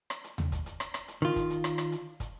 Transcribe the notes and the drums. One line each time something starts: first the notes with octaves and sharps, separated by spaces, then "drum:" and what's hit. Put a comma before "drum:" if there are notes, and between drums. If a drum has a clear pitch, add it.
drum: rim click
drum: hi-hat
drum: tom D#2
drum: kick, hi-hat
drum: hi-hat
drum: rim click
drum: rim click
drum: hi-hat
D#3 F4
drum: kick, hi-hat
drum: hi-hat
drum: rim click
drum: rim click
drum: hi-hat
drum: kick, hi-hat